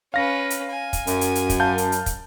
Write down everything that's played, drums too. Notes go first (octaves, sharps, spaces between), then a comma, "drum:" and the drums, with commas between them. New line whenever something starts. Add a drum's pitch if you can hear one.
C#4 B4 F5 A#6
drum: hi-hat
G#5
drum: kick, hi-hat
F#2, drum: hi-hat
drum: hi-hat
drum: hi-hat
drum: kick, hi-hat
F5 A5 G6
drum: hi-hat
drum: hi-hat
drum: kick, hi-hat